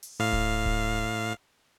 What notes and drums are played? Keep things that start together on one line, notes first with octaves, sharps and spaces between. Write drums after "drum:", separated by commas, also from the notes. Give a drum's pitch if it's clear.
drum: open hi-hat
A2 F5
drum: kick D1
drum: kick D1